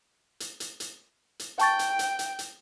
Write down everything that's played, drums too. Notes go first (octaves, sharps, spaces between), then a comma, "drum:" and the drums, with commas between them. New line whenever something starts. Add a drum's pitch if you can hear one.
drum: hi-hat
drum: hi-hat
drum: hi-hat
drum: hi-hat
G5 A5 C#6 A6, drum: hi-hat
drum: hi-hat
drum: hi-hat
drum: hi-hat
drum: hi-hat